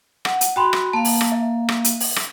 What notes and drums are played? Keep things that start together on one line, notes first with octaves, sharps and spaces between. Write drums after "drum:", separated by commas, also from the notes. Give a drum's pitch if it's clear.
F#5, drum: rim click
drum: hi-hat
F#4 G5 B5 C6
drum: rim click
A#3 F5 A5
drum: open hi-hat
drum: rim click
E5
drum: rim click
drum: hi-hat
drum: open hi-hat
drum: rim click